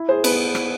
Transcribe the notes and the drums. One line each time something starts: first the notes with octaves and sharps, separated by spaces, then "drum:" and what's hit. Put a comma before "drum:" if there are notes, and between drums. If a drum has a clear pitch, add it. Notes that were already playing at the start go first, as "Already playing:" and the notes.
Already playing: E4
G#4 C5
B3 B4, drum: cymbal
drum: rim click